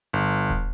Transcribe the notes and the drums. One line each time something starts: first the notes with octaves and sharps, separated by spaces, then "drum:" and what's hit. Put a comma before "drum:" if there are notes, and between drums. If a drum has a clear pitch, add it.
G1
drum: hi-hat
drum: kick D#1